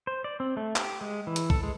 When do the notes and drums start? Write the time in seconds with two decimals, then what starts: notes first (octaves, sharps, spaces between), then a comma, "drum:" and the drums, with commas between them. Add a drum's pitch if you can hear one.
0.07 C5
0.24 D5
0.40 C4
0.57 A3
0.76 G4, drum: clap
1.01 G#3
1.27 E3
1.36 drum: hi-hat
1.50 A4, drum: kick
1.63 G#3